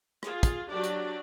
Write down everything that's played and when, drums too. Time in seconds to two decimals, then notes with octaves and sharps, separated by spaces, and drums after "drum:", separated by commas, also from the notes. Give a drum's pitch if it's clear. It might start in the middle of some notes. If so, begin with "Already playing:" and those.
0.23 F4 G#4, drum: rim click
0.43 drum: kick, hi-hat
0.70 F#3 D4 G4 D5
0.84 drum: hi-hat